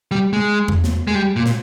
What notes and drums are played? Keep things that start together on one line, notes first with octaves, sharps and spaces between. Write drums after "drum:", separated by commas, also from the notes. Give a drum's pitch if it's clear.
G3
G#3
drum: tom E2
drum: snare
G#3
G3
A#2
drum: snare